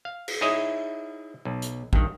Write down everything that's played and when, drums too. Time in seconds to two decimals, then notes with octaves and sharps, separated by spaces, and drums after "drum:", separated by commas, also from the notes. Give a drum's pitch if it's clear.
0.05 F5
0.28 drum: cymbal
0.41 D#4 E4 G#4 C#5 D#5 E5
1.45 B1
1.62 drum: hi-hat
1.93 G2 D#3, drum: kick